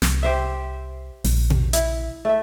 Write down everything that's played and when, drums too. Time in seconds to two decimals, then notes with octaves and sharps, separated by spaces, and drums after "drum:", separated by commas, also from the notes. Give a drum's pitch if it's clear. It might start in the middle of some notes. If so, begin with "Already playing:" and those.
0.02 C2, drum: snare
0.23 G4 C5 E5
1.24 A#1, drum: open hi-hat
1.50 drum: tom B2
1.73 E4, drum: hi-hat
2.25 A3 E5